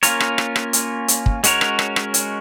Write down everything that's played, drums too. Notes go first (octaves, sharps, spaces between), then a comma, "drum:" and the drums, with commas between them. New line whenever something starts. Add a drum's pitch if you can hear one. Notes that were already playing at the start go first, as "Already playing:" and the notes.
A#3 C#4 F4 A#4 C#5, drum: hi-hat
drum: rim click
drum: rim click
drum: rim click
drum: hi-hat
drum: hi-hat
drum: kick
G#3 C#4 F#4 A#4 C#5, drum: hi-hat
drum: rim click
drum: rim click
drum: rim click
drum: hi-hat